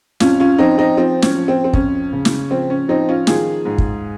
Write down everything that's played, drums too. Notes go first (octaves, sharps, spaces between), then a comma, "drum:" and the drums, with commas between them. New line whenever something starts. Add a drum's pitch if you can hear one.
F2 C#4 F4, drum: snare
C#4 F4
F3 C4 D#4
C4 D#4
F3 C4
C#4, drum: snare
F3
C4
C4
F2 C#4, drum: kick
C#3
drum: snare
F3 C4
C#4
F3 C4 D#4
C#4 F4
D#3 F4 G#4, drum: snare
G#2
drum: kick